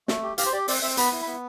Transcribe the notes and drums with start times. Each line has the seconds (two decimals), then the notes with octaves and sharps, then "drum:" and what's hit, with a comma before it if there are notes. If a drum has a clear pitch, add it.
0.08 A3, drum: snare
0.23 G4
0.38 G4 F5, drum: hi-hat
0.46 C5
0.53 G4 D5
0.68 C4 D5, drum: open hi-hat
0.82 C4 E5
0.97 B3 B5, drum: hi-hat
1.13 E4
1.22 B3 B5